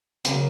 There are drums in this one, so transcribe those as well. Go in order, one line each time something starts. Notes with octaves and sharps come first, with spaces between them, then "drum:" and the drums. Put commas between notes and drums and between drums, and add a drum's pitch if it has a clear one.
C#3 F#3 A#3, drum: hi-hat